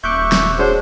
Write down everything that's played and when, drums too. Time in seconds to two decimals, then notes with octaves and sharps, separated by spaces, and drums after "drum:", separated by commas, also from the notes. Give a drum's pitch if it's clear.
0.04 D#1 E5 C#6 D6 F#6 G6
0.32 drum: snare
0.59 D4 F#4 G#4 C5 C#5